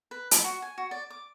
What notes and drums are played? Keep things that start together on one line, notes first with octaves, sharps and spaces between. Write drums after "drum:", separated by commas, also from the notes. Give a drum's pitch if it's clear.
B4
B5, drum: hi-hat
F#4
G#5
F#4
D5
D6